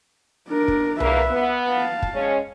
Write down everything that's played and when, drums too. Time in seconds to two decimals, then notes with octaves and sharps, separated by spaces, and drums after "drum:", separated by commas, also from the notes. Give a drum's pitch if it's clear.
0.49 D4 A#4
0.68 drum: kick
1.00 E2 A#3 B4 E5, drum: tom C2
1.31 B3
1.69 F5 A5
2.02 drum: kick
2.14 G#3 C#4